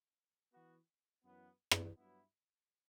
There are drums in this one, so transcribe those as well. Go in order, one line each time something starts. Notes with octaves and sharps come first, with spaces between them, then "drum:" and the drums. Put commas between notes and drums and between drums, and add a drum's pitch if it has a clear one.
E3 B3 F#4
F#2 E3 B3
drum: rim click
G2 F#3 B3 E4